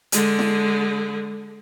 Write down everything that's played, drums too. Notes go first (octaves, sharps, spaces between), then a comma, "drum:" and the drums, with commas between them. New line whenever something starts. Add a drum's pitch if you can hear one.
D3 G#3, drum: hi-hat
drum: snare E4